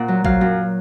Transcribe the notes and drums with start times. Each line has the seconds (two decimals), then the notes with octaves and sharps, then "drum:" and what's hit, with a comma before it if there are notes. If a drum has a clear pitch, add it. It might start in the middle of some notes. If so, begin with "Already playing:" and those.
Already playing: A#2 F#5
0.08 F#3
0.25 F#3 F5, drum: kick A#1
0.41 F#2